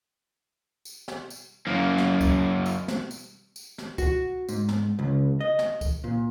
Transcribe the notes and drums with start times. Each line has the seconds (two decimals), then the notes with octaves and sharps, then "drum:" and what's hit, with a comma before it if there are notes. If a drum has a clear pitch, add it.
0.85 drum: tambourine
1.08 drum: snare
1.30 drum: tambourine
1.67 F#2 A#3
1.98 drum: snare
2.21 drum: kick C2, tambourine
2.66 drum: tambourine
2.88 drum: snare
3.11 drum: tambourine
3.56 drum: tambourine
3.78 drum: snare
3.98 F#4, drum: kick C2, tambourine
4.49 G#2, drum: tambourine
4.69 drum: snare
4.99 C#2
5.40 D#5
5.59 drum: snare
5.81 drum: kick C2, tambourine
6.04 A#2